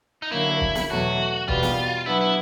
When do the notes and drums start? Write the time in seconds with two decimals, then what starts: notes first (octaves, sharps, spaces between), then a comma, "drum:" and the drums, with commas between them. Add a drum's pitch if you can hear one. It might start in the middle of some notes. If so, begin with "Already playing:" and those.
0.22 D#4
0.32 D3 F#3 A#3 E4
0.61 drum: kick
0.75 drum: snare
0.90 E2 B2 F#3 A3 F#4
1.48 E2 B2 G3 B3 F4, drum: kick
1.63 drum: snare
2.06 F#3 B3 D4 E4
2.21 E4